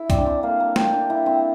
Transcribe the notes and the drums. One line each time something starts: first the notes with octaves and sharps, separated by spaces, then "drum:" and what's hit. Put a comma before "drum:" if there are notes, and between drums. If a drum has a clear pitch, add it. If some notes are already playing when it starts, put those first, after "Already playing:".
Already playing: E4
C4 D5, drum: kick C2, hi-hat
D4
C4
A#3 F5
A#3
C4 G5, drum: snare
D4
E4
C4